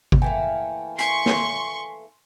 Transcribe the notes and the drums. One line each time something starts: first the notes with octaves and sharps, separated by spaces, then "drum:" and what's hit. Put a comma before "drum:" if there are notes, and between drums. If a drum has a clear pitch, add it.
drum: kick G#1
E3 A3 A#3 G5 G#5
G#5 C6 C#6 B6 C7, drum: hi-hat
drum: snare